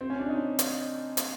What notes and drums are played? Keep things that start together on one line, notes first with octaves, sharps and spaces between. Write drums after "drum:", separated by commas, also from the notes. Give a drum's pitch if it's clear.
C4
C#4
D4
D#4
drum: hi-hat
drum: hi-hat